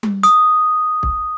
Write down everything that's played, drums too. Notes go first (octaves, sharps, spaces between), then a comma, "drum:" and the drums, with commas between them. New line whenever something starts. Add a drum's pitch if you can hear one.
drum: tom G3
D#6, drum: hi-hat
drum: kick